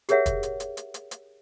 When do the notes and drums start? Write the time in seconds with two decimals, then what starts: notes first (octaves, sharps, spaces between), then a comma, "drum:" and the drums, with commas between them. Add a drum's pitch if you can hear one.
0.09 G4 G#4 A#4 C#5 E5 F#5, drum: hi-hat
0.26 drum: kick, hi-hat
0.43 drum: hi-hat
0.60 drum: hi-hat
0.77 drum: hi-hat
0.94 drum: hi-hat
1.11 drum: hi-hat